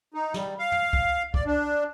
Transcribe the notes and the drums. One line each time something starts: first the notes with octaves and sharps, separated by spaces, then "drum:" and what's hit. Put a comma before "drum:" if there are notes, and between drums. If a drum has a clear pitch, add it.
D#4
G3, drum: snare
F5
drum: tom
drum: kick
D5, drum: kick
D4